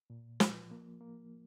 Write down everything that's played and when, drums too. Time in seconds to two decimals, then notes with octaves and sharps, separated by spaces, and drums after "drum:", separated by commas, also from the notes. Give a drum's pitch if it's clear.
0.10 A#2
0.40 F3, drum: snare
0.71 A#3
1.01 A#3